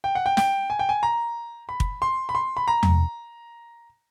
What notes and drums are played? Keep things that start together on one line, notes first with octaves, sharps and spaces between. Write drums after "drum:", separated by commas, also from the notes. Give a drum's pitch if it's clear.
G5
F#5
G5
G5, drum: snare
G#5
G5
G#5
A#5
B5
drum: kick
C6
B5
C6
B5
A#5
drum: tom E2